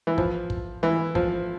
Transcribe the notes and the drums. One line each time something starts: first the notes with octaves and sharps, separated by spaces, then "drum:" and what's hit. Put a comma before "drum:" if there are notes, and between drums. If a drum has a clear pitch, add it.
E3
F3, drum: kick
drum: kick
E3
F3, drum: kick